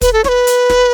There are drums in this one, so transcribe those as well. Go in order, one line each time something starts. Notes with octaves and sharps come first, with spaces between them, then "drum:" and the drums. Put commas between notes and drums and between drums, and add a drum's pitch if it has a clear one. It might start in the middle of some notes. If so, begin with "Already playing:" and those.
B4, drum: kick, hi-hat
A4
C#5, drum: snare
B4
drum: hi-hat
drum: snare